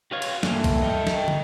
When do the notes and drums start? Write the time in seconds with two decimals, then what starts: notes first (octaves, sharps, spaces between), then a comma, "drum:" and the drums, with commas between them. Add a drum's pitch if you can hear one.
0.12 F#4 B4 C#5 F5
0.22 drum: cymbal
0.43 G2 A#2 E3 A3, drum: snare
0.64 drum: kick, cymbal
0.82 D#5 G5
1.07 drum: snare
1.28 drum: tom